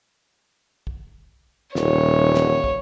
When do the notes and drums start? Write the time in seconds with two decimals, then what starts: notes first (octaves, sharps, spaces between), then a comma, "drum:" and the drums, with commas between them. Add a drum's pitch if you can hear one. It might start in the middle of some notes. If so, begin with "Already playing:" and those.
0.87 drum: kick
1.75 D#1 C#5, drum: snare
2.34 drum: snare
2.64 drum: kick